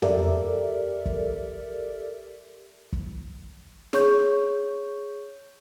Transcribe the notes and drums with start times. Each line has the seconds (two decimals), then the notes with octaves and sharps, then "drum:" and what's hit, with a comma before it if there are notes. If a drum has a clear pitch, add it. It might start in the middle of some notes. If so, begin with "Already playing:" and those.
0.02 G4 A4 A#4 D5 E5, drum: tom
1.06 drum: kick
2.93 drum: kick
3.93 G#4 C#5 C#6 G6, drum: snare